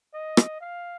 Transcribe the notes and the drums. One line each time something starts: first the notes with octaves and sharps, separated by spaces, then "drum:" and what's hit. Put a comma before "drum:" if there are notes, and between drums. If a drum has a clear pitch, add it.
D#5
drum: rim click
F5